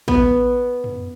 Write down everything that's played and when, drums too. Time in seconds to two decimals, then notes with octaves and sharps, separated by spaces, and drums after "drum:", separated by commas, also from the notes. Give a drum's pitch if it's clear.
0.08 B3, drum: kick A1
0.84 drum: tom